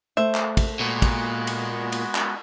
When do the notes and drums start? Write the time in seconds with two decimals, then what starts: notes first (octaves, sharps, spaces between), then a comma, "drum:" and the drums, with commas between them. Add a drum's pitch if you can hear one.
0.17 A3 C5 E5
0.35 drum: clap
0.57 drum: kick, cymbal
0.80 A#2 G#3 B3 F#4
1.02 drum: kick, cymbal
1.47 drum: cymbal
1.92 drum: cymbal
2.15 drum: clap